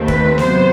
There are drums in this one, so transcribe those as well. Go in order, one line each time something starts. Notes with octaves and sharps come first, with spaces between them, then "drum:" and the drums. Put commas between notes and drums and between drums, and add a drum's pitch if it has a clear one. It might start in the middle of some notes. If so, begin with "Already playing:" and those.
Already playing: D#2 D#3 A3 C4
B4, drum: kick
C3 F#3 B3 C5, drum: snare